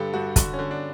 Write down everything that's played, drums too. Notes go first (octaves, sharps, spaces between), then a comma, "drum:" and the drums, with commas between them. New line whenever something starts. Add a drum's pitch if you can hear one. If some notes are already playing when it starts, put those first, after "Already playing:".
Already playing: G2 D3 G4 A4
G2 F#4
D3 F#4, drum: kick, hi-hat
C#4
D3
D4